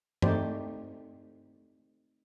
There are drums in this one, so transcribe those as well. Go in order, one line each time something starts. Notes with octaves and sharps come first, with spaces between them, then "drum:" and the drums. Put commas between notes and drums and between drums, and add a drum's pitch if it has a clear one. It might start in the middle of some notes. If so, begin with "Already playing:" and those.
A3 C4 D#4 G4 C5 D5, drum: tom G2